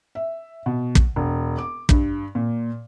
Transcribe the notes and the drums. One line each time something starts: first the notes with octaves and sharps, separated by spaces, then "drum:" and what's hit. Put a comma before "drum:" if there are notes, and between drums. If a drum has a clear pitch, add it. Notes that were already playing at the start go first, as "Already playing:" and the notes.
E5
B2
drum: kick
E1
D6
G2, drum: kick
A#2